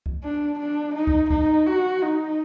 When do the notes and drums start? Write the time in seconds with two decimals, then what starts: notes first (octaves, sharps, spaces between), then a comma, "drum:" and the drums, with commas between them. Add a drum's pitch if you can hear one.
0.06 drum: kick C#2
0.24 D4
0.59 D4
0.95 D#4
1.07 drum: kick C#2
1.30 D#4, drum: kick C#2
1.67 F#4
2.02 D#4